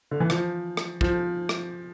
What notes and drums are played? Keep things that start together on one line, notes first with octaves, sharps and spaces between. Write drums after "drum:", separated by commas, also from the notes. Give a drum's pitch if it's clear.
D3
E3
F3, drum: rim click
drum: rim click
F3, drum: kick
drum: rim click